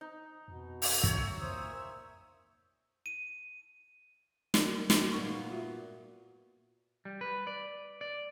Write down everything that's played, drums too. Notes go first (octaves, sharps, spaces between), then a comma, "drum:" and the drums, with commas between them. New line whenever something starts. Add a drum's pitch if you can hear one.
D#4
F2 B2
E5, drum: open hi-hat
C#5, drum: kick
A#2 C5 D#6
D#7
A#4 D5, drum: snare
drum: snare
A#2 A#3 B3 C#6
F4 F#4 E5
G3
B4
D5
D5